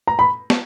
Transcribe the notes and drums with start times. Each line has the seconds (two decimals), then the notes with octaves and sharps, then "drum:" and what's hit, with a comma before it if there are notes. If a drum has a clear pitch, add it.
0.07 A#5
0.19 B5
0.50 drum: snare